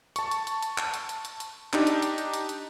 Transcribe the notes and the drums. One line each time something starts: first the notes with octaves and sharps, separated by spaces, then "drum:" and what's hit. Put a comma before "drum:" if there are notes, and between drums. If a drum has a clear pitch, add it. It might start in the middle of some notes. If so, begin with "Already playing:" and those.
A5 C#6, drum: hi-hat
drum: hi-hat
drum: hi-hat
drum: hi-hat
drum: clap
drum: hi-hat
drum: hi-hat
drum: hi-hat
drum: hi-hat
D4 D#4 G4, drum: clap
drum: hi-hat
drum: hi-hat
drum: hi-hat
drum: hi-hat
drum: hi-hat